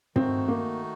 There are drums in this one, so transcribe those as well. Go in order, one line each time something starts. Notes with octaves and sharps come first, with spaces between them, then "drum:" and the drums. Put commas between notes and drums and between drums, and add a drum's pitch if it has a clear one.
D#3 A3 C4 D#4 F#4, drum: tom
A#3